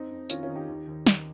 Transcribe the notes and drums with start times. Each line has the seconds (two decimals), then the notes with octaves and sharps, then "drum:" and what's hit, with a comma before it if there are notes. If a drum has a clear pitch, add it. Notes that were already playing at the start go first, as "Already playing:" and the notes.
Already playing: F2 C4 D#4
0.11 F2
0.30 D#3 C#4 F4, drum: hi-hat
0.43 C#4 F4
0.49 D#3
0.55 D#4 G4
0.68 D#2
0.88 D#2
1.06 D#3, drum: snare